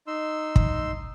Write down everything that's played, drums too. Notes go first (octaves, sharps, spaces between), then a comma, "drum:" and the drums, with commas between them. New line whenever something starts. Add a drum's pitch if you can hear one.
D#4 C6 E6
drum: kick